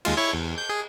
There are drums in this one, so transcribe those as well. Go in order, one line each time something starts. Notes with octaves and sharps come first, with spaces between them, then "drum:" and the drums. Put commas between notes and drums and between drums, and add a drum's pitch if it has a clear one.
D#2 G#3 F4, drum: cymbal
E4 C#5 C#6
E2
G6
G#4